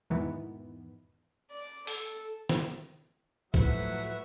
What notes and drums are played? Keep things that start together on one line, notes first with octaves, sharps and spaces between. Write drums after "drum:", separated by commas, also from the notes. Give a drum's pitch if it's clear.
E2 G#2 B2 D#3 E3 B3
D5
A4, drum: open hi-hat
drum: snare
A2 F3 F#3 A3 F#4 B4 E5 F#5, drum: kick